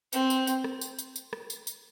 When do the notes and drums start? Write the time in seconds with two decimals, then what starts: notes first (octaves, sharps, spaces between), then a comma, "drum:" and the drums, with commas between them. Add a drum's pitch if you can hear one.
0.13 C4, drum: tambourine
0.30 drum: tambourine
0.47 drum: tambourine
0.64 drum: rim click
0.81 drum: tambourine
0.99 drum: tambourine
1.16 drum: tambourine
1.33 drum: rim click
1.50 drum: tambourine
1.67 drum: tambourine